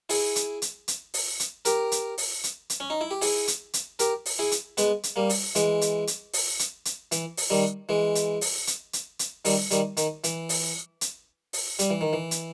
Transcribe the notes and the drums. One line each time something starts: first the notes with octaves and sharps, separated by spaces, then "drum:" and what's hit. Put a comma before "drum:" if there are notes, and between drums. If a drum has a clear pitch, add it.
E4 G#4, drum: open hi-hat
drum: hi-hat
drum: hi-hat
drum: hi-hat
drum: open hi-hat
drum: hi-hat
G4 A#4, drum: hi-hat
drum: hi-hat
drum: open hi-hat
drum: hi-hat
drum: hi-hat
C#4
D#4
E4
G4
E4 G#4, drum: open hi-hat
drum: hi-hat
drum: hi-hat
G4 A#4, drum: hi-hat
drum: open hi-hat
E4 G#4
drum: hi-hat
G#3 B3, drum: hi-hat
drum: hi-hat
G3 A#3
drum: open hi-hat
E3 G#3, drum: hi-hat
drum: hi-hat
drum: hi-hat
drum: open hi-hat
drum: hi-hat
drum: hi-hat
E3, drum: hi-hat
drum: open hi-hat
D#3 G3
E3 G#3
drum: hi-hat
drum: open hi-hat
drum: hi-hat
drum: hi-hat
drum: hi-hat
D#3 G3, drum: open hi-hat
D#3 G3, drum: hi-hat
D#3, drum: hi-hat
E3, drum: hi-hat
drum: open hi-hat
drum: hi-hat
drum: open hi-hat
G3, drum: hi-hat
E3
D#3
E3
drum: hi-hat